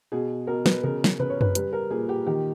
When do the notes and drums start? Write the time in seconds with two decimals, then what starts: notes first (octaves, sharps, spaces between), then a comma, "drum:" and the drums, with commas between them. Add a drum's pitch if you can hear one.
0.12 B2 G#4
0.47 B2 A#4
0.66 B4, drum: snare
0.83 C#3 A#4
1.04 drum: snare
1.19 C#3 B4
1.30 C#5
1.41 B4, drum: tom F#2
1.55 G3 B4, drum: hi-hat
1.73 A#4
1.90 A#2 G#4
2.09 G4
2.26 D#3 G4